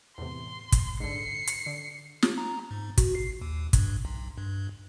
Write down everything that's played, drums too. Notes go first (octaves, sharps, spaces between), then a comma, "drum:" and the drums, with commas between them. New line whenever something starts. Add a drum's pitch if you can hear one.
E2 A2 C3 C6
drum: kick, hi-hat
G#2 D3 C7 C#7
drum: hi-hat
D3
drum: snare
A#5
G#2
F#4, drum: kick, hi-hat
C7
D#2
G2, drum: kick, hi-hat
B1
G2